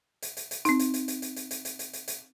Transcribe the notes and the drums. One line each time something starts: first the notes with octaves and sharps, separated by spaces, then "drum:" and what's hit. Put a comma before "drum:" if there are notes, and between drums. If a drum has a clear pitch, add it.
drum: hi-hat
drum: hi-hat
drum: hi-hat
C4 D#4, drum: hi-hat
drum: hi-hat
drum: hi-hat
drum: hi-hat
drum: hi-hat
drum: hi-hat
drum: hi-hat
drum: hi-hat
drum: hi-hat
drum: hi-hat
drum: hi-hat